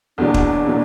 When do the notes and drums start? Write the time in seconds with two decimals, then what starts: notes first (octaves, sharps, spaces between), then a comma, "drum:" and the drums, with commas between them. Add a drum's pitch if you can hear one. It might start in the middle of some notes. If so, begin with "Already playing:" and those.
0.18 E2 B2 F#3 A#3 D4
0.34 drum: kick
0.67 B2 F#3 A#3